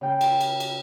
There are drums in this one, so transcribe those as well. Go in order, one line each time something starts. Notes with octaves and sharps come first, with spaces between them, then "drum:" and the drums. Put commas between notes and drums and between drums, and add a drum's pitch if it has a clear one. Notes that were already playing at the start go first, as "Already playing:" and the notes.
C#3 G5
drum: cymbal
drum: cymbal
drum: cymbal